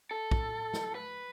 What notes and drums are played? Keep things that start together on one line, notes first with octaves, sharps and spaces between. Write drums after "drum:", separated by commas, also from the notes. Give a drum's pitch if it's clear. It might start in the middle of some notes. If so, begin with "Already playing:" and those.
A4
drum: kick
drum: snare
B4